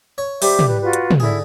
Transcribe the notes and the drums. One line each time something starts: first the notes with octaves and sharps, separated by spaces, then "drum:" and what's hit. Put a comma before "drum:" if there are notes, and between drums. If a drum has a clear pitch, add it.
C#5
G3 G4 C5 E5 D6, drum: open hi-hat
drum: tom
B4
F4 F#4 B4
drum: hi-hat
drum: tom
D3 E4 G#4